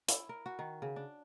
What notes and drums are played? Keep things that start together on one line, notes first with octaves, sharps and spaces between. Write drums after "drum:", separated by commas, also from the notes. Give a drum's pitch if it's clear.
E4, drum: hi-hat
A#4
F#4
D#3
C#3
D4